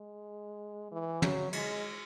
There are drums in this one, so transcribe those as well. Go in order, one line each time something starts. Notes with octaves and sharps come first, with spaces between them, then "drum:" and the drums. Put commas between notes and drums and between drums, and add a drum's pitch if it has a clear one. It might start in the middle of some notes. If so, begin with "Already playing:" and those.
Already playing: G#3
E3
F#3, drum: tom
G#3, drum: cymbal